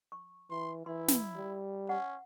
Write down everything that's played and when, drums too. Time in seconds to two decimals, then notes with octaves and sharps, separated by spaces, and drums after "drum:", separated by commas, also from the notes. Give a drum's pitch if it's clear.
0.12 C#6
0.50 E3 C6
0.86 E3 E4 C6
1.08 drum: snare
1.36 G3
1.89 C#4 F#5